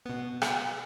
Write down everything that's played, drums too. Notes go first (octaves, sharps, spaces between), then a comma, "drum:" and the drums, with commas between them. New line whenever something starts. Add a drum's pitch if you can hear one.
B2 B3
drum: rim click